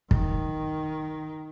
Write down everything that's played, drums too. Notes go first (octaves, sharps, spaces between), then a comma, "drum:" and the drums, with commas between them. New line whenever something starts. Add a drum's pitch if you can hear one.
D#3, drum: kick